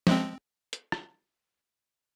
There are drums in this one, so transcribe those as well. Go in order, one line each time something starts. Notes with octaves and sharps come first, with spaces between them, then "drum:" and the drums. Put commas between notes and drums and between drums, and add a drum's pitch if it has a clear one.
F3 G#3 C4, drum: snare
drum: hi-hat
drum: rim click